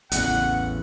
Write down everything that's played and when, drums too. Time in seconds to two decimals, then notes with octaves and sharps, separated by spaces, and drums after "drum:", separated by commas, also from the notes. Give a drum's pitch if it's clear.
0.12 A1 E2 C#3 F#5, drum: hi-hat